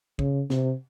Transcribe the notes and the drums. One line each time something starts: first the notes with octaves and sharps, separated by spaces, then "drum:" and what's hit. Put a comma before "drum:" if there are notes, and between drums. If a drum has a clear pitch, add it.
C#3, drum: kick
C3, drum: snare